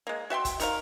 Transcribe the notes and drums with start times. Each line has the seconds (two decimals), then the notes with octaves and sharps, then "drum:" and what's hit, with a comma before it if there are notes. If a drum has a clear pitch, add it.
0.07 G#3 A#3
0.30 F#4 E5 G5 C6
0.45 drum: kick, hi-hat
0.60 D#3 A#4 F5, drum: hi-hat